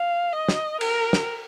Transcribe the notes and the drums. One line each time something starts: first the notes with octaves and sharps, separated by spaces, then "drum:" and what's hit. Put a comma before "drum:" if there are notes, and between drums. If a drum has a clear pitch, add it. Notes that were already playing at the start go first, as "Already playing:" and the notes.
Already playing: F5
D#5
drum: snare
A#4, drum: cymbal
drum: snare